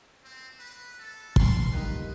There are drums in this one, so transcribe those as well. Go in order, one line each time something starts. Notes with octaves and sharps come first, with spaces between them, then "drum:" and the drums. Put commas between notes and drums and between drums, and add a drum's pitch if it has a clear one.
C4
B4
A4
C#2 C6, drum: kick
G3 A#3 D#4 B4